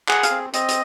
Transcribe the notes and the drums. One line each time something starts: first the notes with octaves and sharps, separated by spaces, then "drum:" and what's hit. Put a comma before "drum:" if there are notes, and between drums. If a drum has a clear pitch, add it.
G#4 F#5, drum: clap
F5, drum: hi-hat
C4
C4 D#5, drum: hi-hat
drum: hi-hat